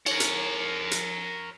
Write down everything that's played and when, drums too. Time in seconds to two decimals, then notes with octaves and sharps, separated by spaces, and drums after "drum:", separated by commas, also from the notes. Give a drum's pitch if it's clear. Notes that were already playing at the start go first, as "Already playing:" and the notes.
0.06 A#4 C#5, drum: cymbal
0.20 drum: hi-hat
0.91 drum: hi-hat